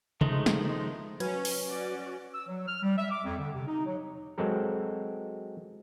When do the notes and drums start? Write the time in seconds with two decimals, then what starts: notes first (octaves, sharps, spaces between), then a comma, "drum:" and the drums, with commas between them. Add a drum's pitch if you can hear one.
0.21 D#3 F3 G#3 A3 D#4, drum: tom C3
0.46 drum: snare
1.20 F#3 C#4 B4 G#6, drum: cymbal
1.45 drum: open hi-hat
1.65 C#4 F#4 D5
2.34 E6
2.48 F#3
2.67 F6
2.83 G3
2.98 E5
3.10 D6
3.24 F2
3.39 D3
3.54 C3
3.67 D#4
3.85 F#3
4.38 F#3 G#3 C4 A4 A#4